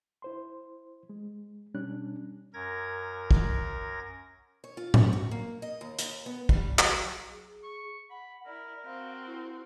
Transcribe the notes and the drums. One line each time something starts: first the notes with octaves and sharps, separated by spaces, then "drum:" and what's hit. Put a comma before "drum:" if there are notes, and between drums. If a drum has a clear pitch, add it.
E4 C5 C6
G#3
B2 G3 C#4 D4 F#6
F#2 A#4 G#6 A#6
drum: kick
C#5
F4
C#4, drum: tom A2
F#4
A#3
D#5
D#2
D#2, drum: hi-hat
B3
G3, drum: kick
F#3, drum: clap
G#4
C#6
F#5 B5
E4 A#4 D5
C4 F#4 F5
E4